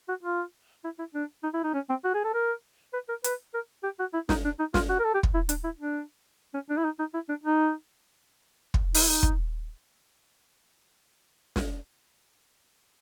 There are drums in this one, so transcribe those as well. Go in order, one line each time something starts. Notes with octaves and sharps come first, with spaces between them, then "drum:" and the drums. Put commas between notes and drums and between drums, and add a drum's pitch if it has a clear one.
F#4
F4
E4
E4
D4
D#4
E4
D#4
C#4
C4
F#4
G#4
A4
A#4
B4
A#4
B4, drum: hi-hat
A#4
G4
F#4
E4
D#4, drum: snare
D4
D#4
F4, drum: snare
F#4
A#4
A4
G4
drum: kick
E4
D4, drum: hi-hat
E4
D4
C#4
D4
E4
D#4
D#4
E4
D4
D#4
drum: kick
D#4, drum: open hi-hat
E4
D#4
drum: kick
drum: snare